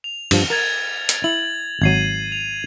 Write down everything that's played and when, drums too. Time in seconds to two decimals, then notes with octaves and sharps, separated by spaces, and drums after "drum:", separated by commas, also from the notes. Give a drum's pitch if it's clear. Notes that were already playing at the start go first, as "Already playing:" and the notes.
0.04 F7
0.31 G2 F3, drum: cymbal
0.50 A#4 G#6 A6 F7
1.09 drum: hi-hat
1.24 E4 F#7
1.82 G#1 F#3 G#6 C7 D#7
2.32 F7